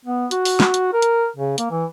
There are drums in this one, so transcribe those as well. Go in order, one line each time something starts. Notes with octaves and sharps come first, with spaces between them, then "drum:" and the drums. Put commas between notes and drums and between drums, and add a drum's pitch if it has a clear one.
B3
F#4, drum: hi-hat
drum: open hi-hat
drum: snare
drum: hi-hat
A#4
drum: hi-hat
C#3
A#3, drum: hi-hat
E3